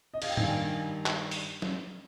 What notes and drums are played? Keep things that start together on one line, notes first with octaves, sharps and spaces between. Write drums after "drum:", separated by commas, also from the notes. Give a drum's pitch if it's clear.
D#5
F5, drum: cymbal
G5
G2 D#3 G3 F5 G#5, drum: tom
drum: clap
drum: open hi-hat
drum: snare